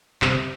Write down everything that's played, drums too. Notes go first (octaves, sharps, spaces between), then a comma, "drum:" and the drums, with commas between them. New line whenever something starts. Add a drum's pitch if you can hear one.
G1 C3, drum: clap